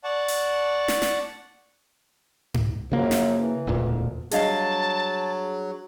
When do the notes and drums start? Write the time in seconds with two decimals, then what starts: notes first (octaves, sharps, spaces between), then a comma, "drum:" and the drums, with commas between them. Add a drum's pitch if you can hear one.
0.04 D5 F#5 A5 C#6
0.28 drum: open hi-hat
0.88 drum: snare
1.02 drum: snare
2.54 drum: tom G#2
2.92 F#2 C#3 F3 F#3 A#3
3.11 drum: snare
3.37 E3
3.67 E1 D2 A#2
4.31 F#3 G3 D4 G#4 C#5 D#5 F5 A5, drum: hi-hat